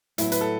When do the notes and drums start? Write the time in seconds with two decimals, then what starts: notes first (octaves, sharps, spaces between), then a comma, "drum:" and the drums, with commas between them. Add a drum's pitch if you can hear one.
0.18 A2 F#3 B3 E4, drum: hi-hat
0.32 B4, drum: hi-hat
0.41 A4